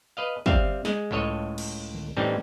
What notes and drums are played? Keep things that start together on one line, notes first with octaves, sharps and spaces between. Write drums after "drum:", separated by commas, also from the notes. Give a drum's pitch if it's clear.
B4 D#5 F5
G3 C4 E5 F5, drum: kick
G#3, drum: snare
C#2 A2 A4 C#5 D#5
drum: cymbal
drum: tom D3
A2 E3 G3 C4 C#4 D#4